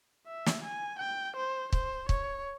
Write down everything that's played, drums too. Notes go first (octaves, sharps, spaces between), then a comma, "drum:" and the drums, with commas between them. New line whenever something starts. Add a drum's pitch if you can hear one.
E5
drum: snare
G#5
G5
C5
C5, drum: kick
C#5, drum: kick